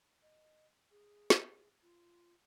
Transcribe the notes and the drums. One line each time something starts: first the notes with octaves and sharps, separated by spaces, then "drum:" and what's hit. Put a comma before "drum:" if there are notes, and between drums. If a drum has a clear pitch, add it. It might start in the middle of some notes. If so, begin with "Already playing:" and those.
D#5
G#4
drum: snare
F4